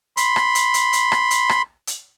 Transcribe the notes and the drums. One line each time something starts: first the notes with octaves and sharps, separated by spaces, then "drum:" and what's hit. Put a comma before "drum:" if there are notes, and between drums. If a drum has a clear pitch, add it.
B5 C6, drum: hi-hat
drum: rim click
drum: hi-hat
drum: hi-hat
drum: hi-hat
drum: rim click
drum: hi-hat
drum: rim click
drum: hi-hat